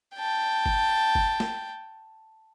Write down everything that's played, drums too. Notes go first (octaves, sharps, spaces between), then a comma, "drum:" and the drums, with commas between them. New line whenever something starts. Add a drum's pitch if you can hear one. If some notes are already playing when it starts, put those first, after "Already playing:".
G5 A5
drum: kick G1
drum: kick G1
drum: snare